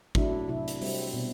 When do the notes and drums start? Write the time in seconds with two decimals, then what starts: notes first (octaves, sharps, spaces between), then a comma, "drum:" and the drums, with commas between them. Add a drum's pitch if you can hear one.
0.15 F#3 A3 D4 E4, drum: kick G#1
0.48 C3 E4
0.68 drum: hi-hat
0.82 G3 C4, drum: open hi-hat
1.14 B2